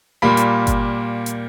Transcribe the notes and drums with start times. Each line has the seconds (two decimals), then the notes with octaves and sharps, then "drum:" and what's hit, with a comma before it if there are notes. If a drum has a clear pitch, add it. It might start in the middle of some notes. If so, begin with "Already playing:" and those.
0.22 A#2 G3 A#3 B5
0.37 drum: hi-hat
0.67 drum: kick G1, hi-hat
1.26 drum: hi-hat